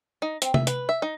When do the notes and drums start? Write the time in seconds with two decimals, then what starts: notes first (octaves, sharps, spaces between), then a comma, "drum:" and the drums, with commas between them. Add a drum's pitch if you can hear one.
0.22 D#4
0.42 C4, drum: hi-hat
0.54 E5, drum: tom C3
0.67 B4, drum: hi-hat
0.89 E5
1.02 D#4